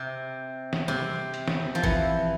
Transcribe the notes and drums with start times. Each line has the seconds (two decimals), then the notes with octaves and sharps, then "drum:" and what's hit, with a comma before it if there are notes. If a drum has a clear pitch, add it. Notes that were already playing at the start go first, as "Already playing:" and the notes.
Already playing: C3
0.73 drum: snare
0.88 C3, drum: tom G3
1.34 drum: hi-hat
1.48 drum: snare
1.75 F3
1.83 E3, drum: kick G1